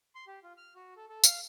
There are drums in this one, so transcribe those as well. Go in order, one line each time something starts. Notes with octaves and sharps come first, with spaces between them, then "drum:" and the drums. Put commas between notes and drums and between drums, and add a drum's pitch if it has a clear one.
C6
G4
F4
F6
F#4
A4
A4
F5, drum: tambourine